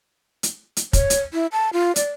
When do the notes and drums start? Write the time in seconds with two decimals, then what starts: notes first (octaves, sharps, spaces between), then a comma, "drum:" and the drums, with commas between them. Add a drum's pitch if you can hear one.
0.43 drum: hi-hat
0.77 drum: hi-hat
0.93 C#5, drum: kick, hi-hat
1.10 drum: hi-hat
1.33 E4
1.52 A5
1.73 F4
1.96 D5, drum: hi-hat